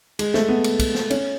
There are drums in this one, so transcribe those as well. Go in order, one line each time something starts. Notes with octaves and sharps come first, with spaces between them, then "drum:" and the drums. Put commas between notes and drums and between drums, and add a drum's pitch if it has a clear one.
G#3, drum: cymbal
A3, drum: snare
B3
drum: cymbal
drum: kick, cymbal
drum: snare
C#4, drum: cymbal